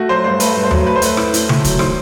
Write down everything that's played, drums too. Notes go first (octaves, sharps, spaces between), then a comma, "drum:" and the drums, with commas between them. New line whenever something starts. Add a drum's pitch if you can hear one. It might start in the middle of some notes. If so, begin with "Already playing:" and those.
Already playing: A3 F#4
F#3 C5
G2 C5
A3 B4, drum: hi-hat
G2
C5
F#3, drum: tom D#2
A3 B4
C5
A3 B4, drum: hi-hat
A2, drum: rim click
A2, drum: hi-hat
A3, drum: tom C#3
F#3, drum: kick, hi-hat
D#3 C5, drum: rim click